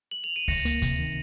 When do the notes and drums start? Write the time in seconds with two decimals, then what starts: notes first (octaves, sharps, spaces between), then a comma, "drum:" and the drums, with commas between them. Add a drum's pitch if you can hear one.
0.11 F#7
0.24 F7
0.36 D#7
0.48 C#2 A#6 C#7, drum: kick D2, open hi-hat
0.65 A#3, drum: hi-hat
0.82 C3, drum: kick D2, hi-hat
0.99 D#3